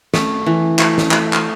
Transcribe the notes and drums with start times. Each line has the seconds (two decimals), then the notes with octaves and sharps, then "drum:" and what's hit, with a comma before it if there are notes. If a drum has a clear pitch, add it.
0.14 A3, drum: snare
0.46 E3
0.79 A3, drum: clap
0.98 drum: snare
1.11 A3, drum: clap
1.33 drum: clap